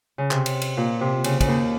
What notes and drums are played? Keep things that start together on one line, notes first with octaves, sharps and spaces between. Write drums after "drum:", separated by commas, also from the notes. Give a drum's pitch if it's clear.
C#3
C3, drum: clap
drum: cymbal
drum: cymbal
A#2
C3
C#3, drum: cymbal
C#3, drum: kick, cymbal
D#2 D#3